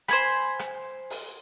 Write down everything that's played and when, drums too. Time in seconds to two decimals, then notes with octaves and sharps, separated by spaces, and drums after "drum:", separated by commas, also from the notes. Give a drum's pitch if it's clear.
0.08 C5 G#5 B5, drum: rim click
0.59 drum: rim click
1.10 drum: open hi-hat